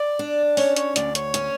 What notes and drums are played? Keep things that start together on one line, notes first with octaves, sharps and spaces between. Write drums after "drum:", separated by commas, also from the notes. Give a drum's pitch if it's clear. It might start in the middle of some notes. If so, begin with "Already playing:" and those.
Already playing: D5
D4
C#4 C#5, drum: open hi-hat
C#5, drum: hi-hat
D2 D5, drum: hi-hat
C#5, drum: hi-hat
C#4, drum: hi-hat